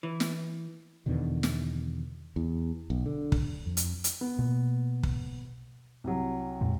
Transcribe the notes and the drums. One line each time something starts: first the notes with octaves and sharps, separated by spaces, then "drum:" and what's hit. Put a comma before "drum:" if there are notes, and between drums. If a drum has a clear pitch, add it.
E3
drum: snare
E2 B2 D3 D#3
drum: snare
E2
B1
D3
drum: kick
F2
drum: hi-hat
drum: hi-hat
B3
B2 A#3
drum: kick
C2 F#3
F2 A#2 G#3